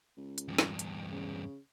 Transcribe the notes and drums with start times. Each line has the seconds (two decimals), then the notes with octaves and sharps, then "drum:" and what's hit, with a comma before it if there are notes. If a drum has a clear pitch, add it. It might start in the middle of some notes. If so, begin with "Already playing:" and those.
0.17 C#2
0.38 drum: hi-hat
0.48 E2 G2
0.58 drum: snare
0.79 drum: hi-hat
1.12 C#3